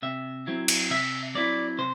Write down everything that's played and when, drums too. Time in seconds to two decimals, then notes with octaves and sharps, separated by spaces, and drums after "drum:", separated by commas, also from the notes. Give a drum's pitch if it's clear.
0.02 C3 E5
0.47 F#3 C4 E4
0.68 drum: cymbal
0.90 C3 E5
1.35 F#3 C4 E4 D5
1.79 C3 C5